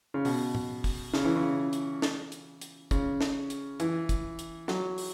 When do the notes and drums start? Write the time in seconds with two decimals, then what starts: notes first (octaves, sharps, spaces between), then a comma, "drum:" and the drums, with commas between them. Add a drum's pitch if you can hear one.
0.14 C#3
0.25 B2, drum: open hi-hat
0.55 drum: tom
0.84 drum: kick, open hi-hat
1.14 C#3, drum: snare
1.25 E3
1.36 C#3
1.73 drum: hi-hat
2.02 drum: snare
2.32 drum: hi-hat
2.61 drum: hi-hat
2.91 C#3, drum: kick, hi-hat
3.21 drum: snare
3.50 drum: hi-hat
3.80 E3, drum: hi-hat
4.09 drum: kick, hi-hat
4.39 drum: hi-hat
4.68 F#3, drum: snare
4.98 drum: open hi-hat